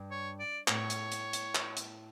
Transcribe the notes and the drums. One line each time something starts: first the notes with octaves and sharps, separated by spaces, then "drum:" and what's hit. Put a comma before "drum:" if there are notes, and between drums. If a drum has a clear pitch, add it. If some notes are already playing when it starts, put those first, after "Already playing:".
Already playing: G2
C#5
D5
A2 C#5, drum: clap
drum: hi-hat
drum: hi-hat
drum: hi-hat
drum: clap
drum: hi-hat